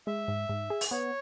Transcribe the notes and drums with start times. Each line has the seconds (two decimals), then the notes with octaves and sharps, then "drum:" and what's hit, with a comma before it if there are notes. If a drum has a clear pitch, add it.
0.07 G#3 E5
0.28 G#2
0.49 G#2
0.70 G#4
0.81 drum: open hi-hat
0.91 B3 C#5